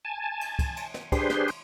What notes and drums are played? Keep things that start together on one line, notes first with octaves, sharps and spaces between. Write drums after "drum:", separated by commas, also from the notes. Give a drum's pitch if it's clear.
G#5 A5
drum: cymbal
drum: kick, cymbal
drum: cymbal
drum: snare
D4 G4 G#4 B4 C5 C6, drum: kick, cymbal
drum: snare
drum: cymbal